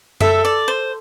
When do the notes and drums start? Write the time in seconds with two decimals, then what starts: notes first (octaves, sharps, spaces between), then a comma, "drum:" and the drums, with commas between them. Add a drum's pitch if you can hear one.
0.21 A4 E5, drum: tom F#2
0.45 D5
0.68 C5